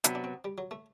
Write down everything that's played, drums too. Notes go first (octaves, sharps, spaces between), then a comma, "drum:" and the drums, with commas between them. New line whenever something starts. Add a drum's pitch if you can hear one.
C3 F#3 B3 D4 F#4, drum: hi-hat
D4
C4
G3
F#3
A3